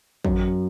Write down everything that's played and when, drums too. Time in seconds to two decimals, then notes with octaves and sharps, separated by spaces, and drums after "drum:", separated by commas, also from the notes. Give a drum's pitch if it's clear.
0.25 F#2, drum: kick